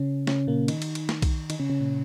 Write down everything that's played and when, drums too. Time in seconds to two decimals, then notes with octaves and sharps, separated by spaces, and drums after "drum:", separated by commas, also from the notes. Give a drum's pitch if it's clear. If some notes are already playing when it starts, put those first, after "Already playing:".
Already playing: C#3 C#4
0.27 C#3 C#4, drum: snare
0.47 A#2 A#3
0.68 D#3 D#4, drum: cymbal
0.82 drum: cymbal
0.95 drum: cymbal
1.09 drum: snare
1.22 drum: kick B1, cymbal
1.50 D#3 D#4, drum: cymbal
1.59 C#3 C#4
1.70 C#3 C#4
1.80 A#2